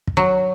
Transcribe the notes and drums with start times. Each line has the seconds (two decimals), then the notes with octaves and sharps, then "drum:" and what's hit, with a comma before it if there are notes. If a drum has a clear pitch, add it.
0.07 drum: kick
0.17 F#3